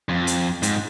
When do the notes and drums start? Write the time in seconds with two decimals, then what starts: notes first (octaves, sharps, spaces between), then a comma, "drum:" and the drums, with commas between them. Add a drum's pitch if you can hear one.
0.09 F2
0.27 drum: hi-hat
0.63 G#2, drum: hi-hat